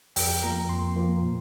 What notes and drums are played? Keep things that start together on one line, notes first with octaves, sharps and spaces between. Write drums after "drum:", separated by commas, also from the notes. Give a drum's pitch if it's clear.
F2 G5, drum: open hi-hat
F3 A#3 A#5
F2 C6
F3 A#3
A#2